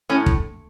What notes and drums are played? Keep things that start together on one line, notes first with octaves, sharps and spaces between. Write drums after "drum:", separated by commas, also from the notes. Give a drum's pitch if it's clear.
A2 C#4
drum: kick